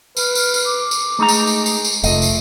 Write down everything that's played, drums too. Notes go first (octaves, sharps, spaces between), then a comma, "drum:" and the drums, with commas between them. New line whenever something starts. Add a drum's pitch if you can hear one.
B4 F6, drum: tambourine
drum: tambourine
drum: tambourine
D6
drum: tambourine
G#3 A3 D#4 A#5
drum: tambourine
drum: tambourine
drum: tambourine
drum: tambourine
F1 A3 F4 D#5, drum: tambourine
drum: tambourine